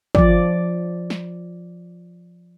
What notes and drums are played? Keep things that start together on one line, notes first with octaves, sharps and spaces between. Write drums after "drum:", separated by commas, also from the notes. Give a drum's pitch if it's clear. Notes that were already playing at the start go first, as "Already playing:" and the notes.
F3 D5, drum: kick
drum: snare